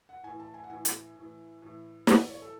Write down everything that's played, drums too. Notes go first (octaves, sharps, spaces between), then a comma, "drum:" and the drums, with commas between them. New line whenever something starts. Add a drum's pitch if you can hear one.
F#5
A2 E3 G#5
A5
G#5
F#5
A2 E3 G#5
drum: hi-hat
A2 E3
A2 E3
A2 E3 F#5, drum: snare
D5
C#5
A4